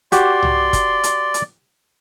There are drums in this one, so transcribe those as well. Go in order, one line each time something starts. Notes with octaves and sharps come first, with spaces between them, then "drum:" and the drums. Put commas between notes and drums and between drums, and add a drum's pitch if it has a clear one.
F#4 G4 D5 C6, drum: hi-hat
drum: tom C2
drum: kick, hi-hat
drum: hi-hat
drum: hi-hat